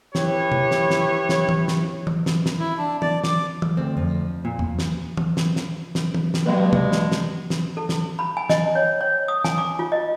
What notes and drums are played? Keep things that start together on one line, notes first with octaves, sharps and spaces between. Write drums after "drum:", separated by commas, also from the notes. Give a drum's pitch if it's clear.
E4 G4 B4 C#5, drum: snare
drum: tom
drum: snare
drum: snare
drum: snare
drum: tom
drum: snare
drum: tom
drum: snare
drum: snare
E4
D4
D5, drum: tom
D6, drum: snare
drum: tom
D2 C4
F2
A#2
drum: tom
drum: snare
drum: tom
drum: snare
drum: snare
drum: snare
drum: tom
drum: snare
G2 B2 F#3 G#3 A#3
drum: tom
drum: snare
drum: snare
drum: snare
A4
drum: snare
B5
G#5
D#5, drum: snare
C#5
C#5
D#6
G#5, drum: snare
D6
F4
D#5